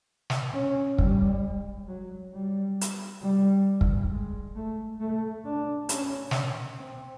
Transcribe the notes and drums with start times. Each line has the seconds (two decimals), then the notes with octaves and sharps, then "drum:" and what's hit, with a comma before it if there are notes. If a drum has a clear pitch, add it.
0.30 drum: snare
0.53 C#4
0.98 G3, drum: kick
1.88 F#3
2.33 G3
2.81 drum: hi-hat
3.22 G3
3.81 drum: kick
4.11 G#3
4.55 A3
5.00 A3
5.45 D4
5.89 C#4, drum: hi-hat
6.31 drum: snare
6.78 C4